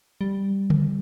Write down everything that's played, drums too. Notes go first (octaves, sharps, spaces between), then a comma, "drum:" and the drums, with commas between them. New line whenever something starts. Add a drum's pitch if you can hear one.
G3
drum: tom D3